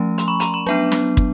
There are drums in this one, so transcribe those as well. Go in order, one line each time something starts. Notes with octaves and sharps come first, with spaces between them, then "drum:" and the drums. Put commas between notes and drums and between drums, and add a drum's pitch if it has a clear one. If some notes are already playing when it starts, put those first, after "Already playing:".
Already playing: F3 A3 C#4 A#5
C6, drum: hi-hat
B5 C#6
A#5 C6, drum: hi-hat
B5 C#6
F#3 B3 D4
drum: snare
drum: kick